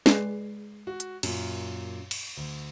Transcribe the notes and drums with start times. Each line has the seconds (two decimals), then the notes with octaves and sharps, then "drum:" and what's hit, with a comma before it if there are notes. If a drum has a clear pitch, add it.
0.06 G#3 B4 D5 C7, drum: snare
0.87 F#4
1.00 drum: hi-hat
1.23 F#2 A#2, drum: cymbal
2.11 drum: cymbal
2.37 D2